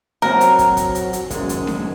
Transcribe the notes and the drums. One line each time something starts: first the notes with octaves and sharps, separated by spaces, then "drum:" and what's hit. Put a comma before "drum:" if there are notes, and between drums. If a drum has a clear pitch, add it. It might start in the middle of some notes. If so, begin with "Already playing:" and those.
F#3 C4 F#4 A#4 C#5, drum: snare D4
drum: hi-hat
drum: kick, hi-hat
drum: kick, hi-hat
drum: hi-hat
drum: hi-hat
F#2 D#3 G#3, drum: kick, hi-hat
drum: hi-hat
drum: snare D4